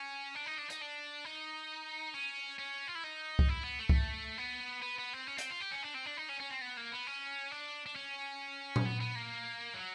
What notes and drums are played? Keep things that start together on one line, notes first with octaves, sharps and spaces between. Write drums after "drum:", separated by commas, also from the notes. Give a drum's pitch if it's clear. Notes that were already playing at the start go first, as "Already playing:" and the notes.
Already playing: C#4
D4
D#4
D4
D#4, drum: hi-hat
D4
D#4
C#4
C#4
F4
E4
D#4
drum: kick C2
E4
B3
A3
drum: kick C2
B3
B3
B3
C4
C#4
C4, drum: hi-hat
F4
G4
C#4
D4
C4
D4
D#4
C#4
C#4
C4
B3
A#3
B3
C#4
D4
D4
C#4
drum: tom A#2
B3
B3
A#3
F#3